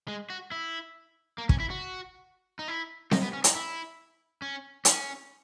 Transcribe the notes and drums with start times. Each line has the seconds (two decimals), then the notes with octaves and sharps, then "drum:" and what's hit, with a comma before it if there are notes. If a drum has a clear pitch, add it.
0.08 G#3
0.30 F#4
0.51 E4
1.38 A#3
1.49 C#4, drum: kick
1.60 E4
1.70 F#4
2.59 D#4
2.68 E4
3.11 D#4, drum: snare C4
3.22 B3
3.33 C#4
3.44 D#4, drum: hi-hat
3.55 E4
4.42 C#4
4.85 C#4, drum: hi-hat